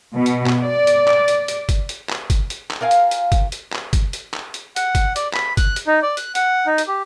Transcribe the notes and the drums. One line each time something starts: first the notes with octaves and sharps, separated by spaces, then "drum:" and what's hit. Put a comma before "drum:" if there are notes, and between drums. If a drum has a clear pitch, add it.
B2
drum: hi-hat
drum: clap
D5
drum: hi-hat
drum: clap
drum: hi-hat
drum: hi-hat
drum: kick, hi-hat
drum: hi-hat
drum: clap
drum: kick, hi-hat
drum: hi-hat
drum: clap
F4 A#4 F5 G#5
drum: hi-hat
drum: hi-hat
drum: kick, hi-hat
drum: hi-hat
drum: clap
drum: kick, hi-hat
drum: hi-hat
drum: clap
drum: hi-hat
F#5, drum: hi-hat
drum: kick, hi-hat
D5, drum: hi-hat
B5, drum: clap
F#6, drum: kick, hi-hat
drum: hi-hat
D#4
D5
F#6, drum: hi-hat
F#5, drum: hi-hat
D#4
drum: hi-hat
G4